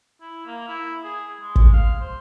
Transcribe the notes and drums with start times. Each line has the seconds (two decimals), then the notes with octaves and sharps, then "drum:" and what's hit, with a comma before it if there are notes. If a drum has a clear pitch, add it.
0.21 E4
0.46 A#3
0.68 E4
1.04 G#4
1.41 G#3
1.56 drum: kick
1.73 F5
2.00 C5